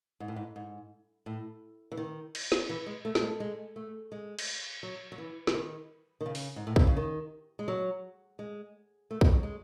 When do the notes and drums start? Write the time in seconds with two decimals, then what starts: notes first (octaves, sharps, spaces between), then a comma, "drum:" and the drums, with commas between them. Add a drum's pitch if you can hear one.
0.20 G#2
0.28 A2
0.36 G#2
0.56 G#2
1.26 A2
1.92 E3
1.97 D#3
2.35 drum: cymbal
2.52 drum: snare
2.69 E3
2.86 G#3
3.05 A3
3.15 A3, drum: snare
3.22 G#3
3.40 G#3
3.76 A3
4.12 G#3
4.39 drum: cymbal
4.83 F#3
5.12 F#3
5.18 E3
5.47 E3, drum: snare
5.54 D#3
6.21 D#3
6.26 C#3
6.35 drum: open hi-hat
6.56 G#2
6.67 A2
6.76 C3, drum: kick
6.87 C#3
6.97 D#3
7.59 G#3
7.68 F#3
8.39 G#3
9.11 A3
9.21 G#3, drum: kick
9.32 F#3
9.43 G#3